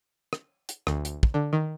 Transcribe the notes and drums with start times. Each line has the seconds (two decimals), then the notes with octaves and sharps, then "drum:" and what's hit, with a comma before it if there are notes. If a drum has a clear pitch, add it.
0.33 drum: rim click
0.69 drum: hi-hat
0.87 D2, drum: rim click
1.05 drum: hi-hat
1.23 drum: kick
1.34 D3
1.53 D#3